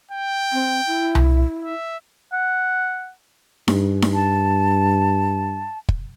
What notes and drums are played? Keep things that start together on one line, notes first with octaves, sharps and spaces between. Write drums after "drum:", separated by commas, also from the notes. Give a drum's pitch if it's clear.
G5
C4
E4
drum: tom C2
E5
F#5
G2, drum: snare D#4
drum: snare D#4
A5
drum: kick